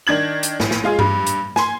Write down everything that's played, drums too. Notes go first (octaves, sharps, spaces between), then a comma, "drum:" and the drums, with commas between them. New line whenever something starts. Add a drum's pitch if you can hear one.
D#3 D4 G#6 F#7
drum: hi-hat
A#1 A2, drum: snare
drum: snare
G#3 F4 G#4
G2, drum: tom G2
drum: hi-hat
G#5 C6, drum: snare